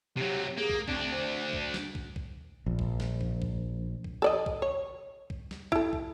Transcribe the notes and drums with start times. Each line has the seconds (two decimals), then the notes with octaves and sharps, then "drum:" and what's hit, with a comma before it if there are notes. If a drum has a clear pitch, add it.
0.17 C3 F#3 G4
0.58 A#3 G#4
0.69 drum: kick
0.88 D2 C4 D4, drum: kick
1.10 C5
1.53 drum: kick
1.74 drum: snare
1.95 drum: kick
2.16 drum: kick
2.66 A#1
2.79 drum: kick
3.00 drum: snare
3.21 drum: kick
3.42 drum: kick
4.04 drum: kick
4.22 A4 D5 D#5
4.46 drum: kick
4.62 C#5
5.30 drum: kick
5.51 drum: snare
5.72 E4 A4, drum: kick
5.93 drum: kick